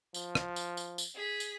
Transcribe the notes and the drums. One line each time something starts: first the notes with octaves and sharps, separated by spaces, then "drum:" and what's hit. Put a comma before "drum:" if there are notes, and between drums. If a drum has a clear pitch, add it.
F3, drum: tambourine
drum: rim click
drum: tambourine
drum: tambourine
drum: tambourine
G#4 B6
drum: tambourine